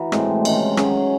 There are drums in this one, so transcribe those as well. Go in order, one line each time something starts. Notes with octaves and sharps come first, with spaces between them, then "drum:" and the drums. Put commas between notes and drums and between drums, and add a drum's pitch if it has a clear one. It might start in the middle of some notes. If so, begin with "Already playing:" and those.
Already playing: E3 D#4 F#4
A2 G#3 C4, drum: rim click
C3 D#3 G#3 C#4, drum: cymbal
F#3 C#4 G#4, drum: rim click